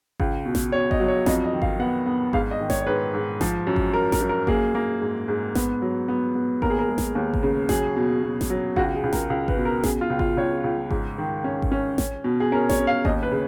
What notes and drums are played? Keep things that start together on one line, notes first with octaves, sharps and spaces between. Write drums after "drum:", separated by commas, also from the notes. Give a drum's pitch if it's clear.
C#2, drum: kick G#1
B2
drum: snare A1
B2 C#5
D#5, drum: kick G#1
F#3
C#5
F2 D#5, drum: snare A1
D#5
D#3
F5, drum: kick G#1
B3 F#5
B3
G#2 F5, drum: kick G#1
D#5
D#3
C#5, drum: snare A1
C#5
G#2 B4
G#2
F3, drum: snare A1
F#2
drum: kick G#1
F#2 A#4
A#4, drum: snare A1
F#2
A#4
A#3 G#4, drum: kick G#1
A#3
G#2
G#2
B3, drum: snare A1
F#3
B3
B3
D#2 A#4, drum: kick G#1
G#4
A#4
G#3
drum: snare A1
D#2
drum: kick G#1
C#3
F#3 G#4, drum: snare A1
B2
B2
drum: snare A1
F#3
C#2 F#4, drum: kick G#1
G#4
C#2
A#4, drum: snare A1
C#2
B4, drum: kick G#1
B2
A#4
C#3 G#4, drum: snare A1
F4
C#2
F4, drum: kick G#1
C#2 C#5
C#2
G#2, drum: kick G#1
D#3
C#4
drum: kick G#1
C#4
C#4, drum: snare A1
B2
G#4
C#4 A#4
C#5, drum: snare A1
C#4
F5
D#2 D#5, drum: kick G#1
B4
C#3